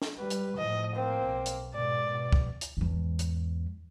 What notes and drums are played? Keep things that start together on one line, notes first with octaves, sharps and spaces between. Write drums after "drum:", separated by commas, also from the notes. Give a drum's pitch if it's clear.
drum: snare
G3 B4
drum: hi-hat
A2 F3 D#5
A#3 C4
B1
drum: hi-hat
G#2 B2 D5
B2
drum: kick
drum: hi-hat
E2 G#2
drum: hi-hat